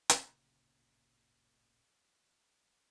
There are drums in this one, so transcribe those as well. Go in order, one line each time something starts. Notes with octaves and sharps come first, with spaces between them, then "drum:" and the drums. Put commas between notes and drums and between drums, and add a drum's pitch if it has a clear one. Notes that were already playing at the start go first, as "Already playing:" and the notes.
D1 G1 A#2 C#3, drum: hi-hat